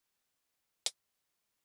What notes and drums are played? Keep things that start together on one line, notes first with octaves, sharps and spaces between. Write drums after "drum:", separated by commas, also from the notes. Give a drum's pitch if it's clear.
D#3 D#4
C#4
D#4
C#4
G4
G#3 F4, drum: hi-hat
A#3